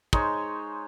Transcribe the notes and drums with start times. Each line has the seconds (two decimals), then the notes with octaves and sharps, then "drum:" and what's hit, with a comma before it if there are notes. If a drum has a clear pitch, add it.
0.13 G#3 D#4 C5 C#5, drum: kick